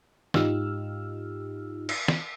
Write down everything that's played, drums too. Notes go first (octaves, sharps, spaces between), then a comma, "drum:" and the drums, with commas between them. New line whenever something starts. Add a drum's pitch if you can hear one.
G#2 D#4 F4 G4 E6 F6, drum: snare
drum: cymbal
drum: snare